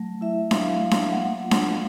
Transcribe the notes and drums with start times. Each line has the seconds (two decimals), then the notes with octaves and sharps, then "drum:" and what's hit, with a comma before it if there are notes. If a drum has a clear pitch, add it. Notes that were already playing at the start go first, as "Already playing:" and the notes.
Already playing: F#3 A3
0.21 E4 E5
0.51 F#3 F5, drum: snare D4
0.81 F#3
0.91 drum: snare D4
1.12 A#3 F#5
1.42 F4
1.51 drum: snare D4
1.71 A#3 F5